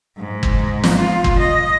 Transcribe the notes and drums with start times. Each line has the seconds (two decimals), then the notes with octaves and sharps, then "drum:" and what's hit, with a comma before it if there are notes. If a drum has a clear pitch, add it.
0.17 G#2
0.43 drum: kick G1
0.84 drum: snare
0.97 F4
1.24 drum: kick G1
1.38 D#5